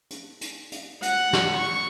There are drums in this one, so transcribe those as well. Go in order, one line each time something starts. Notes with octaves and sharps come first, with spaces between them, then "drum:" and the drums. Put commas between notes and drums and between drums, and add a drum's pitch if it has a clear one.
drum: hi-hat
drum: hi-hat
drum: hi-hat
F#5, drum: hi-hat
drum: snare
C#6